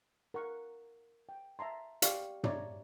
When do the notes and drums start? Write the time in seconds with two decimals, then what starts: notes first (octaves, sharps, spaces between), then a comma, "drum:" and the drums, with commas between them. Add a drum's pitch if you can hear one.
0.34 A#4 F#5 C#6
1.29 G5
1.59 E5 A5 A#5 C6
2.02 G4 G#4 D5 F5 G5 C#6, drum: hi-hat
2.44 C#5 D5 E5 A#5, drum: tom